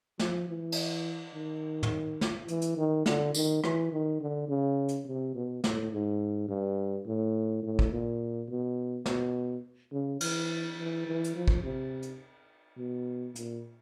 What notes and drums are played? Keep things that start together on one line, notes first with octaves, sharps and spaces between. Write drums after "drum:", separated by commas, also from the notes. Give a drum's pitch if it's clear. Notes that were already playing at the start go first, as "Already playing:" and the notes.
F3, drum: snare
E3
drum: cymbal
D#3
drum: tom
drum: snare
E3, drum: hi-hat
drum: hi-hat
D#3
D3, drum: snare
D#3, drum: tambourine
E3, drum: rim click
D#3
D3
C#3
drum: hi-hat
C3
B2
A2, drum: snare
G#2
G2
A2
A2
drum: kick
A#2
B2
B2, drum: snare
C#3
E3, drum: cymbal
E3
E3
drum: hi-hat
F3
drum: kick
C3
drum: hi-hat
B2
A#2, drum: hi-hat